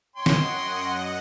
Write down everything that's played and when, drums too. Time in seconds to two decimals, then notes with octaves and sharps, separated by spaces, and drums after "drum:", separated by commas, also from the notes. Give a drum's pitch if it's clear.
0.16 F#2 C#5 D#5 F#5 G5 C6
0.26 drum: snare